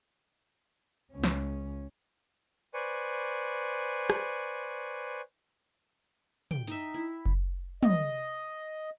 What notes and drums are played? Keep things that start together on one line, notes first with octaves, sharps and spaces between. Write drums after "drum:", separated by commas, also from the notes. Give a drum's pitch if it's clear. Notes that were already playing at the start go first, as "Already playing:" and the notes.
C#2 C#4
drum: snare
B4 C5 D5 G#5 C#6
drum: rim click
G5, drum: tom
D#4 E5, drum: hi-hat
E4
drum: kick F#1
D#5, drum: tom